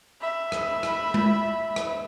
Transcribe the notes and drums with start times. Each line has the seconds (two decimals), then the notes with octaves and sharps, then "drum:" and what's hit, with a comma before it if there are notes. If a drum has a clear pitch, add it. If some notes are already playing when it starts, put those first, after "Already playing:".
0.21 E5 B5
0.52 drum: rim click
0.83 drum: rim click
1.14 drum: tom G#3
1.76 drum: rim click